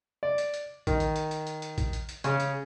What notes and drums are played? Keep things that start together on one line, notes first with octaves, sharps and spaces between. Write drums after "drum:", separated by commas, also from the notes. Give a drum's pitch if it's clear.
D5
drum: hi-hat
drum: hi-hat
D#3, drum: kick A1, hi-hat
drum: hi-hat
drum: hi-hat
drum: hi-hat
drum: hi-hat
drum: hi-hat
drum: kick A1, hi-hat
drum: hi-hat
drum: hi-hat
C#3 C#4, drum: hi-hat
drum: hi-hat